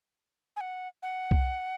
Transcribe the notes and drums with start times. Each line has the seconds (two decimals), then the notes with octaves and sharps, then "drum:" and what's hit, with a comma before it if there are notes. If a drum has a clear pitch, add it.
0.56 G#5
0.61 F#5
1.03 F#5
1.31 drum: kick C2